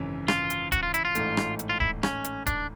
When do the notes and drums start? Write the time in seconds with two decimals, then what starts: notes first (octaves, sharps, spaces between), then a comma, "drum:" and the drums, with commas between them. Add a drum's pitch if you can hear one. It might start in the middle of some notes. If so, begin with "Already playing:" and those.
Already playing: G#1 F#2 C#3 E3
0.28 F4, drum: rim click
0.50 drum: hi-hat
0.72 F#4, drum: kick D1, hi-hat
0.83 F4
0.94 E4, drum: hi-hat
1.05 F4
1.15 A1 G#2 E3 A3, drum: hi-hat
1.37 drum: rim click
1.59 drum: hi-hat
1.69 F4
1.80 E4, drum: kick D1
2.03 C#4, drum: rim click
2.24 drum: hi-hat
2.47 D4, drum: kick D1, hi-hat